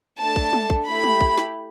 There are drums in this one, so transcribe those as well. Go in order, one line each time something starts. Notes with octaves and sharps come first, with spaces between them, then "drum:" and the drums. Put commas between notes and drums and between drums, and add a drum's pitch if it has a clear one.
A3 D4 A4 A5
drum: kick
drum: tom
drum: kick
A3 E4 G4 B5
drum: tom
drum: kick
drum: snare